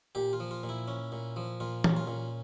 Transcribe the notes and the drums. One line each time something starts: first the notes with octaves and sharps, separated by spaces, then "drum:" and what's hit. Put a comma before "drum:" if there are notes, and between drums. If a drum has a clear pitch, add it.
A#2 G4
F4
F3
F4
A#2
E4
C#4
A#2
F3
A#2 F4
C#4, drum: tom E3
F4
A#2